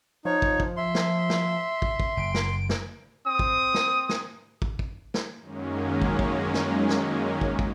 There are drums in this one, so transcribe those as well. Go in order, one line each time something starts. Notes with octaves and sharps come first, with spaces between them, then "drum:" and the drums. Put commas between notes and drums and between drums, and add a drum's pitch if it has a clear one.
F3 D#4 C#5
drum: kick
drum: kick
E5 C6
drum: snare
drum: snare
drum: kick
drum: kick
F#1 D7
drum: snare
drum: snare
C4 D#6
drum: kick
drum: snare
drum: snare
drum: kick
drum: kick
drum: snare
F#2 D#3 F#3 G#3 A#3 C#4
drum: kick
drum: kick
drum: snare
drum: snare
drum: kick
drum: kick